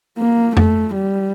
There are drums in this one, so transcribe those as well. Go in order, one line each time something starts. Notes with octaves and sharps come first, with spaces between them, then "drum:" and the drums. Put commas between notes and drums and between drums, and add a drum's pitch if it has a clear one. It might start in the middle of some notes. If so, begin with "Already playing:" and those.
A#3
A3, drum: tom F2
G3